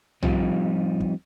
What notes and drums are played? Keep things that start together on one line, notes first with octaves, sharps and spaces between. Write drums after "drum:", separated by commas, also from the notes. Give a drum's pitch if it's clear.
F3 G3 C4 D#4 F4 G4, drum: tom B1
drum: kick